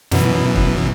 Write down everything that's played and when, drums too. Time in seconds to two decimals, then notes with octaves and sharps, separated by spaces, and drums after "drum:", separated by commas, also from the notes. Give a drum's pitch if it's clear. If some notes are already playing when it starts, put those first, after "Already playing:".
0.11 F#2 B2 E3, drum: snare
0.56 drum: kick